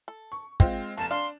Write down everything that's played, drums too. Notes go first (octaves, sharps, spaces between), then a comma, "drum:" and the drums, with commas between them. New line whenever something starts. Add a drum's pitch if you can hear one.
A4
C#6
G#3 C4 F4 G5, drum: kick
F1 A#3 A5 E7
D4 F5 C6